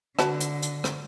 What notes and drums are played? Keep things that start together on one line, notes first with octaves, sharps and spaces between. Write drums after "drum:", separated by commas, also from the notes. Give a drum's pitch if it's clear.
D3 F#4 B4 A5, drum: rim click
drum: hi-hat
drum: hi-hat
drum: rim click